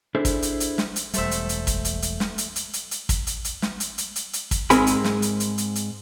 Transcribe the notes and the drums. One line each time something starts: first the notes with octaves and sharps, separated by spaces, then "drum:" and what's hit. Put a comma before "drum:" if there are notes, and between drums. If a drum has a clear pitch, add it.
D4 E4 G#4 A4 C5
drum: kick, hi-hat
drum: hi-hat
drum: hi-hat
drum: snare
drum: hi-hat
E1 G3 A3 C5 E5, drum: hi-hat
drum: hi-hat
drum: hi-hat
drum: kick, hi-hat
drum: hi-hat
drum: hi-hat
drum: snare
drum: hi-hat
drum: hi-hat
drum: hi-hat
drum: hi-hat
drum: kick, hi-hat
drum: hi-hat
drum: hi-hat
drum: snare
drum: hi-hat
drum: hi-hat
drum: hi-hat
drum: hi-hat
drum: kick, hi-hat
G#2 G#3 C4 A#4 G#5 B5, drum: hi-hat
drum: hi-hat
drum: snare
drum: hi-hat
drum: hi-hat
drum: hi-hat
drum: hi-hat